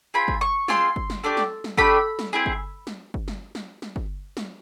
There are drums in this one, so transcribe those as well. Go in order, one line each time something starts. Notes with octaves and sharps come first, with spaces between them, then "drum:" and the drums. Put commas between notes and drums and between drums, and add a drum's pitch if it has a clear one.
C4 F4 G#4 B5
drum: kick G1
C#6
C4 F4 G#4 C6, drum: snare
drum: kick G1
drum: snare
A3 D4 G4
drum: snare
drum: snare
A3 D4 G4 B5, drum: kick G1
drum: snare
C4 E4 G#4
drum: kick G1
drum: snare
drum: kick G1
drum: snare
drum: snare
drum: snare
drum: kick G1
drum: snare